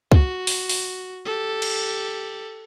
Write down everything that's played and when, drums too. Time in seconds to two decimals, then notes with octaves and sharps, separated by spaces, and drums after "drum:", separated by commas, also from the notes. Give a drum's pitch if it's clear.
0.12 F#4, drum: kick
0.47 drum: open hi-hat
0.69 drum: open hi-hat
1.25 G4 A4
1.62 drum: cymbal